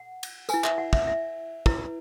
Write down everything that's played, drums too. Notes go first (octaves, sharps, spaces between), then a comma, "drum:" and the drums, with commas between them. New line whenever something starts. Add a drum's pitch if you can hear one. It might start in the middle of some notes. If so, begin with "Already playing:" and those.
Already playing: F#5
drum: cymbal
E4 B4 G#5, drum: tambourine
E5, drum: clap
F#5
E5, drum: kick
E5
E4 B4, drum: kick